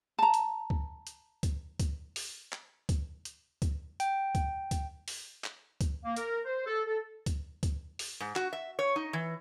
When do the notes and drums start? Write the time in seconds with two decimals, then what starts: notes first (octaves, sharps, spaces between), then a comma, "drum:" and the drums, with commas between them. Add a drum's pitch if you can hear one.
0.19 A5 A#5
0.34 drum: hi-hat
0.70 drum: kick C#2
1.07 drum: hi-hat
1.43 drum: kick C#2, hi-hat
1.80 drum: kick C#2, hi-hat
2.16 drum: open hi-hat
2.52 drum: clap
2.89 drum: kick C#2, hi-hat
3.25 drum: hi-hat
3.62 drum: kick C#2, hi-hat
4.00 G5, drum: hi-hat
4.35 drum: kick C#2, hi-hat
4.71 drum: kick C#2, hi-hat
5.08 drum: open hi-hat
5.44 drum: clap
5.81 drum: kick C#2, hi-hat
6.04 A#3
6.16 A#4, drum: hi-hat
6.45 C5
6.66 A4
6.86 A4
7.26 drum: kick C#2, hi-hat
7.63 drum: kick C#2, hi-hat
7.99 drum: open hi-hat
8.20 G#2
8.36 F#4, drum: clap
8.53 E5
8.79 C#5
8.96 D#4
9.13 E3